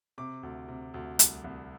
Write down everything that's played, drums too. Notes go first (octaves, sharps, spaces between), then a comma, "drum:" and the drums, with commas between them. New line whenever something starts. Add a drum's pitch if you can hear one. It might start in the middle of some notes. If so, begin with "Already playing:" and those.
C3 D6
D2
C3
D2
C2, drum: hi-hat
C2